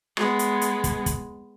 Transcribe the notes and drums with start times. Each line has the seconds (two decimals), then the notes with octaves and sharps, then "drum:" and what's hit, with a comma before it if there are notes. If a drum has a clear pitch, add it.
0.17 G#3 B3, drum: rim click
0.39 drum: hi-hat
0.61 drum: hi-hat
0.84 drum: kick, hi-hat
1.06 drum: kick, hi-hat